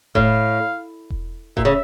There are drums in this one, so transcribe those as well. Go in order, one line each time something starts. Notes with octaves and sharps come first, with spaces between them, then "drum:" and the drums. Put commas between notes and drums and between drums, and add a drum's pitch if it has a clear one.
A2 F5, drum: kick E1
drum: kick E1
A#2 E5, drum: kick E1
C#3